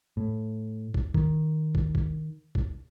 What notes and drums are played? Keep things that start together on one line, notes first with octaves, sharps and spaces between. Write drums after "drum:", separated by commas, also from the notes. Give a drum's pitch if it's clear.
A2
drum: kick
D#3, drum: kick
drum: kick
drum: kick
drum: kick